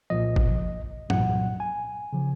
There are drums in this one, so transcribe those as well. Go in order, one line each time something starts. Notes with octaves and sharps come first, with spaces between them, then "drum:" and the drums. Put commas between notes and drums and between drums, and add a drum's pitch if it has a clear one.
C2 A#2 F3 D#5
drum: kick
C2 A#2 F#3 F#5, drum: tom
G#5
C#3 F3